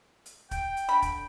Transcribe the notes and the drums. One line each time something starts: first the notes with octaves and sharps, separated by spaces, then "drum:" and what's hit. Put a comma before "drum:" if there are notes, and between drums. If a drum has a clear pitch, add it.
drum: hi-hat
G5, drum: kick, hi-hat
drum: hi-hat
D3 B5
drum: kick, hi-hat